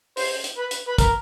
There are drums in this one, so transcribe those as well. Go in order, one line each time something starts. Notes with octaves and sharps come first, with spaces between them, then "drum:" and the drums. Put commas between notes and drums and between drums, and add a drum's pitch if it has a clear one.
C5, drum: open hi-hat
drum: hi-hat
B4
drum: hi-hat
B4
A#4, drum: kick, hi-hat